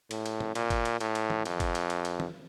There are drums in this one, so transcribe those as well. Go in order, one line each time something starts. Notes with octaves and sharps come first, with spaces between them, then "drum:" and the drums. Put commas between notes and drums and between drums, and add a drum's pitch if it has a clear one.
A2, drum: cymbal
drum: cymbal
drum: tom
A#2, drum: cymbal
drum: kick, cymbal
drum: cymbal
A2, drum: cymbal
drum: cymbal
drum: tom
F2, drum: cymbal
drum: kick, cymbal
drum: cymbal
drum: cymbal
drum: cymbal
drum: tom